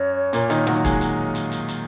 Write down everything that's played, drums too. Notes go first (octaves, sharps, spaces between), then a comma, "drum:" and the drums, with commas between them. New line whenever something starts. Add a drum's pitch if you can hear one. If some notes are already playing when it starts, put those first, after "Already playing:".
Already playing: F#2 C#5
A#2 A#3, drum: hi-hat
D#3 D#4, drum: hi-hat
F#3 F#4, drum: snare
G#3 G#4, drum: kick, hi-hat
drum: hi-hat
drum: hi-hat
drum: hi-hat
drum: hi-hat